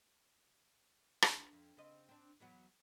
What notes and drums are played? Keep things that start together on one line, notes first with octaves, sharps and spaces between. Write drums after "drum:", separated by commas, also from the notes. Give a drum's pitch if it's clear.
D3, drum: rim click
F2
C#3 C4 D#5
C4 D4
E2 F#3 B3